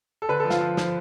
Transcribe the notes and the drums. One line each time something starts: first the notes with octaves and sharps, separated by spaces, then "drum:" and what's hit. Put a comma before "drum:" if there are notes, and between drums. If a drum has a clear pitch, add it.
A4
D3 B4
A4
F3
F4, drum: snare
F3
F3, drum: snare